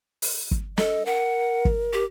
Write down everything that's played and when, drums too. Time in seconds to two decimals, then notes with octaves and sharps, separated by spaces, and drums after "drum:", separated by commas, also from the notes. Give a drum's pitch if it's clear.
0.22 drum: open hi-hat
0.51 drum: kick
0.78 A4 D#5, drum: snare
1.06 A#4 F#5
1.65 drum: kick
1.93 G4